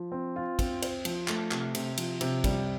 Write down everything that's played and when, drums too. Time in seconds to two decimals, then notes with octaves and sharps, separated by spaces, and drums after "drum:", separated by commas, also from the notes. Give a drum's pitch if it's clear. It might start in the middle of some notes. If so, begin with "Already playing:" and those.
Already playing: F3
0.12 C4
0.36 F4
0.59 C4, drum: kick, cymbal
0.82 C5, drum: cymbal
1.05 F3, drum: cymbal
1.28 A3, drum: clap
1.51 C3, drum: clap
1.75 C3, drum: cymbal
1.98 F3, drum: cymbal
2.21 C3, drum: cymbal
2.44 G3, drum: kick, cymbal